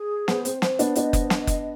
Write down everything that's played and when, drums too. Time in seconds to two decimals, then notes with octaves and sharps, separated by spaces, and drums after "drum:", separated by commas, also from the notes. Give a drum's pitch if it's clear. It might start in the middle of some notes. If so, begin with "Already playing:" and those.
Already playing: G#4
0.28 B3 C5, drum: snare
0.45 C4, drum: hi-hat
0.62 C4 C5, drum: snare
0.79 B3 D4, drum: hi-hat
0.95 B3 D4 D#5, drum: hi-hat
1.13 drum: kick F#1, hi-hat
1.30 drum: snare
1.47 drum: kick F#1, hi-hat